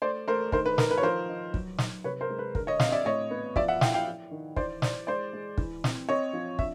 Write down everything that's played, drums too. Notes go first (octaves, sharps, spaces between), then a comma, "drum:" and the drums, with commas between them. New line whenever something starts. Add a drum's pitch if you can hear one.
A3 C5 D5
A3 A#4 C5
D#3 A#4 C5, drum: kick
B4
D#3 A#4, drum: snare
B4
C#5
F3 A#4 C5
D#4
F#3, drum: kick
D#4, drum: snare
C3 B4 C#5
A#4 C5
G#3
B4
D3 A#4, drum: kick
C#5 D#5
C4 D#5 F5, drum: snare
D5 E5
A2 C#5 D#5
B3
F3 D5 E5, drum: kick
E5 F#5
E4 F5 G5, drum: snare
F5 G5
E4
D#3
E3 C5 D5, drum: kick
E3 C5 D5, drum: snare
G#3 C5 D5
G#3
E3, drum: kick
C4, drum: snare
C4 C#5 D#5
F3
D4 E5, drum: kick